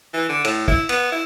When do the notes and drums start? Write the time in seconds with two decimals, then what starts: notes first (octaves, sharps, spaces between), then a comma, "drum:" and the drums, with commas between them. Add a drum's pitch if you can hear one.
0.13 E3
0.29 D3
0.44 A2, drum: cymbal
0.68 E4, drum: kick
0.89 B3, drum: cymbal
1.12 E4